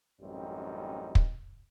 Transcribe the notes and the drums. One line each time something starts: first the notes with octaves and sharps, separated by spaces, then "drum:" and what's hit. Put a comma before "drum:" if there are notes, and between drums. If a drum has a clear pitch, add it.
A1 F#2 G3 C4 D#4
drum: kick